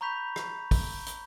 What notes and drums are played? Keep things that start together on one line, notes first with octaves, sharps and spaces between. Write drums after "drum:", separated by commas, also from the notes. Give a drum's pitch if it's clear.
A#5 B5 C#6 G6 B6 F7
drum: rim click
drum: kick, open hi-hat
drum: hi-hat